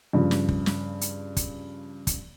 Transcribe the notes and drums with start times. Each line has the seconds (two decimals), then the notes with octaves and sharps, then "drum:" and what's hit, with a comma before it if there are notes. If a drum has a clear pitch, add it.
0.13 G2 C#3 F3
0.31 drum: snare
0.49 drum: kick
0.66 drum: snare
1.01 drum: hi-hat
1.37 drum: kick, hi-hat
2.07 drum: kick, hi-hat